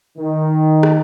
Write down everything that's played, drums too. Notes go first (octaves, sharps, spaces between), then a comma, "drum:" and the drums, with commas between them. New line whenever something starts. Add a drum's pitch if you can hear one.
D#3
drum: rim click